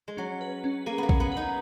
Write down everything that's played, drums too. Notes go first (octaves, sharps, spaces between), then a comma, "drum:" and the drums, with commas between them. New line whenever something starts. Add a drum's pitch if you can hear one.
G#3
F#3 C#4
B4
C#4
A#3 G#4
A#3 B3
C#4, drum: kick A#1
B3
D#4 B4